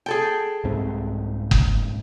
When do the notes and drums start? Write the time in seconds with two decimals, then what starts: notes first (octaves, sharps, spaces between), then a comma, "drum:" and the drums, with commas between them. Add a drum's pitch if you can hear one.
0.06 G#4 A4 G5
0.64 C2 G#2 C4
1.51 drum: kick F#1